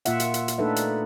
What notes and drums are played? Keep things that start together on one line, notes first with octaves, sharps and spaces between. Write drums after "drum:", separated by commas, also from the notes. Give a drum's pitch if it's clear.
A#2 A#3 F4 E5 F#5, drum: hi-hat
drum: hi-hat
drum: hi-hat
drum: hi-hat
A3 D4 D#4 A4 B4 E5
drum: hi-hat